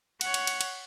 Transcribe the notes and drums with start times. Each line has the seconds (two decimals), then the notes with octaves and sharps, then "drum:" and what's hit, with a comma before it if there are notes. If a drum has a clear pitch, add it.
0.21 C#5 F#5, drum: cymbal
0.34 drum: cymbal
0.47 drum: cymbal
0.61 drum: cymbal